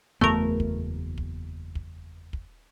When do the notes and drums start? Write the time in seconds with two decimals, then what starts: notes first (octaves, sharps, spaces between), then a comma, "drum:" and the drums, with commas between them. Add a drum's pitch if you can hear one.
0.21 F#1 E2 A3 B3 A#4
0.60 drum: kick
1.18 drum: kick
1.75 drum: kick
2.33 drum: kick